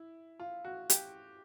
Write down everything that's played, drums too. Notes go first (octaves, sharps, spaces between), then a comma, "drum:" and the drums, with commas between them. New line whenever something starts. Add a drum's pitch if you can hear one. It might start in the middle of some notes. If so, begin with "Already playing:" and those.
Already playing: E4
F4
F#4
G4, drum: hi-hat